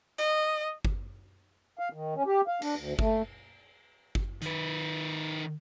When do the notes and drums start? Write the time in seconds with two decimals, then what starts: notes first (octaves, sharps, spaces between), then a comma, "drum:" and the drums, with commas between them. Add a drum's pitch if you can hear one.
0.18 D#5, drum: hi-hat
0.85 drum: kick G1
1.79 F5
1.93 D#3
2.15 C#4
2.26 G4
2.48 F5
2.62 D4, drum: cymbal
2.76 D2
2.99 A3, drum: kick G1
4.15 drum: kick G1
4.42 D#3 B4, drum: hi-hat